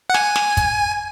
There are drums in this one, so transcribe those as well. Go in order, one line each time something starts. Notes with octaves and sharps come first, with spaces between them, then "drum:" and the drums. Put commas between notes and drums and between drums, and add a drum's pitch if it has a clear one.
F#5
G#5, drum: snare
drum: snare
drum: kick, hi-hat